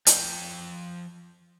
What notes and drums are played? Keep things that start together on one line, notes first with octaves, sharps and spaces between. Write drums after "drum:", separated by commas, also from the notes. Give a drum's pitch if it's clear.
F3 G5, drum: hi-hat